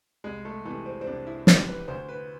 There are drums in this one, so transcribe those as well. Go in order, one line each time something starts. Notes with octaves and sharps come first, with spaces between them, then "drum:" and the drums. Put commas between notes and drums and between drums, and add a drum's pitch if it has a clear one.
C2 G#3
A3
C3 E3 A3
C4
C4
C2 D4
E4
C3 E3 C5, drum: snare
B4
D2 C5
B4